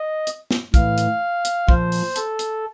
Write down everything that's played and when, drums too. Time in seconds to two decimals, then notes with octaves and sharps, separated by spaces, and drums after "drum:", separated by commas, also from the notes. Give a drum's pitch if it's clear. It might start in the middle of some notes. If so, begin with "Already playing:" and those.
Already playing: D#5
0.27 drum: hi-hat
0.51 drum: snare
0.74 A2 E3 F5, drum: kick, hi-hat
0.98 drum: hi-hat
1.45 drum: hi-hat
1.69 A#2 F3 C5, drum: kick
1.92 drum: open hi-hat
2.16 A4, drum: hi-hat
2.39 drum: hi-hat